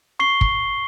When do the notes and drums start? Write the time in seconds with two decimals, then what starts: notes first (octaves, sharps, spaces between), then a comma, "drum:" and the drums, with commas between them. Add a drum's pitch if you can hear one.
0.19 C#6 C7 G7
0.41 drum: kick